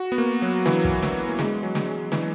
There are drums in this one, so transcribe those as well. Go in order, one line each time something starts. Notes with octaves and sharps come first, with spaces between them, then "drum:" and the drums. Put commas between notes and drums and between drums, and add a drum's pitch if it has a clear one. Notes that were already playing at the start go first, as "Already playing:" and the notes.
Already playing: F#4
B3
A#3
F#3
E3, drum: snare
drum: kick
drum: snare
A#3
G#3, drum: snare
F#3
drum: snare
F#3
E3, drum: snare